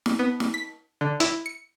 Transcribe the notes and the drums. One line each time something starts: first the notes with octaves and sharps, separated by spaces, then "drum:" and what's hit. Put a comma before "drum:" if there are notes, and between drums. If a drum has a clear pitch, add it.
drum: snare
B3
drum: snare
B6
D3
E4, drum: hi-hat
C#7